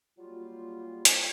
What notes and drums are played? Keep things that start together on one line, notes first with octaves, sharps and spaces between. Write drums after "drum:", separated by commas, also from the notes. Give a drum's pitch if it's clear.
F#3 G3 A#3 F4
drum: hi-hat